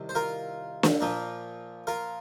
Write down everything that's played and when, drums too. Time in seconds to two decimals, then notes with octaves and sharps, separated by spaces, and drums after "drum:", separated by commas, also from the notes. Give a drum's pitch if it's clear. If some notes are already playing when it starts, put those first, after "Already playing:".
Already playing: C2 C3 D#3
0.09 C5
0.15 F4 A#4
0.83 drum: snare
1.01 A#2 F3 A#3
1.87 F4 A#4